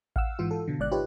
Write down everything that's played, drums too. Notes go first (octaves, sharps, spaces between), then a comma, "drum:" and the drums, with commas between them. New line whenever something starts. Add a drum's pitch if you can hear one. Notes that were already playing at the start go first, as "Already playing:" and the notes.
F5 F#5 E6, drum: kick A1
G#2 E3 F4
A4
B2 D3
G#1 G#2 D5 F#6
D#4 F4 G4 B4 C#5